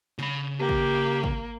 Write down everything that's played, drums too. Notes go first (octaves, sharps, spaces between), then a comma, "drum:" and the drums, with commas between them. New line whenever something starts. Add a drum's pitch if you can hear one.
C#3 B5, drum: snare
A#3 G4
drum: kick
drum: kick